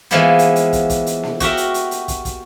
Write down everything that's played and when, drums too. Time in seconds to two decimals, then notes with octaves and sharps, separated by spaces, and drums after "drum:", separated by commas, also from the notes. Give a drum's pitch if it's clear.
0.11 E3 F3 G#3 A#3 B3
0.39 drum: hi-hat
0.56 drum: hi-hat
0.73 drum: kick, hi-hat
0.90 drum: kick, hi-hat
1.06 drum: hi-hat
1.23 drum: snare A#3
1.40 F#4 G4 A#4 E5, drum: kick, hi-hat
1.57 drum: hi-hat
1.74 drum: hi-hat
1.91 drum: hi-hat
2.08 drum: kick, hi-hat
2.25 drum: kick, hi-hat